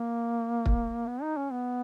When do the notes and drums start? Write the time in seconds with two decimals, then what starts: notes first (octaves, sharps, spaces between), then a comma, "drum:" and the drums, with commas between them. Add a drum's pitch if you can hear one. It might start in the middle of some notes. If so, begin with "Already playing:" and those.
Already playing: A#3
0.66 drum: kick
1.07 B3
1.23 D#4
1.37 C#4
1.52 B3